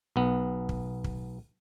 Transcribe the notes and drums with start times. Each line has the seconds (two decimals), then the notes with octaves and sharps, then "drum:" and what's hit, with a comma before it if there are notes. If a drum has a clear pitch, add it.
0.16 B1 B3
0.69 drum: kick
1.04 drum: kick